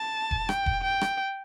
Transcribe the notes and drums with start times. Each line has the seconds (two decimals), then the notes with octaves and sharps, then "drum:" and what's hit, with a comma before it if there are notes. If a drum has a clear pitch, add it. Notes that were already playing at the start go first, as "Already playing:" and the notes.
Already playing: A5
0.31 drum: kick E1
0.49 G5, drum: rim click
0.66 drum: kick E1
0.84 G5
1.01 drum: rim click